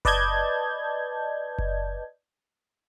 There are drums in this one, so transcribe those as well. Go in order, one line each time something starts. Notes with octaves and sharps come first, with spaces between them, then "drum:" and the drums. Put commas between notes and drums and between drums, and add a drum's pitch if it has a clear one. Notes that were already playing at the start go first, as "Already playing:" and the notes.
B4 D5 D#5 A5 G6 G#6, drum: kick F#1
drum: kick F#1